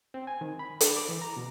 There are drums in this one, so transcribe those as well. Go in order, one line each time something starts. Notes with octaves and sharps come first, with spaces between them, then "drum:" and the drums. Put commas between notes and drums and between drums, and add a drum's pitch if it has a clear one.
C4
G#5
D#3
B5
D4, drum: hi-hat
D6
E3
A#5
B2